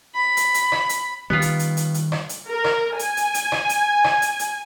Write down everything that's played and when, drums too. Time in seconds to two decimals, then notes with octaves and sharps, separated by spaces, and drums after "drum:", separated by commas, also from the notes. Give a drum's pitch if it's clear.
0.15 B5
0.37 drum: hi-hat
0.54 drum: hi-hat
0.72 drum: rim click
0.89 drum: hi-hat
1.30 D#3 G3 B3 F4
1.42 drum: hi-hat
1.59 drum: hi-hat
1.77 drum: hi-hat
1.94 drum: hi-hat
2.12 drum: rim click
2.29 drum: hi-hat
2.48 A#4
2.64 drum: rim click
2.99 G#5, drum: hi-hat
3.17 drum: hi-hat
3.34 drum: hi-hat
3.52 drum: rim click
3.69 drum: hi-hat
4.04 drum: rim click
4.22 drum: hi-hat
4.39 drum: hi-hat